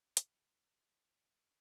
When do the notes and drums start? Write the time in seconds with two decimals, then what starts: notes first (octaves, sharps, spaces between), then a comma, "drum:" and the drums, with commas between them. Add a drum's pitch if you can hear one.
0.17 C#2 F#2 C#3 B4, drum: hi-hat